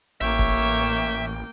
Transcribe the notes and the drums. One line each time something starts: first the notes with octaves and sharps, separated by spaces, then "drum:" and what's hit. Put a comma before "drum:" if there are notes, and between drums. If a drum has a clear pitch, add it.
A1 A#3 C#5 E5 G5
drum: kick F1, hi-hat
drum: hi-hat